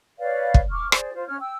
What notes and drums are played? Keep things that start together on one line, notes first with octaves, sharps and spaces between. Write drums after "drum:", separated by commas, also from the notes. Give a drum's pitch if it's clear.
B4 C#5 D5 F5
drum: kick
C#6 D6 F6
G#4 C5 D5, drum: rim click
F4 C5
C#4 C#5 F6
G5 E6